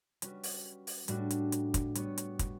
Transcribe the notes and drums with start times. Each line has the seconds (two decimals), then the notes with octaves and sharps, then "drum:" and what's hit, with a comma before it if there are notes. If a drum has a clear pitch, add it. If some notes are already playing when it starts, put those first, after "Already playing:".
0.22 G3 C#4 F#4 B4, drum: hi-hat
0.43 drum: open hi-hat
0.87 drum: open hi-hat
1.08 A2 G3 D4 F#4, drum: hi-hat
1.31 drum: hi-hat
1.52 drum: hi-hat
1.74 drum: kick, hi-hat
1.95 G3 B3 F#4 C#5, drum: hi-hat
2.18 drum: hi-hat
2.39 drum: kick, hi-hat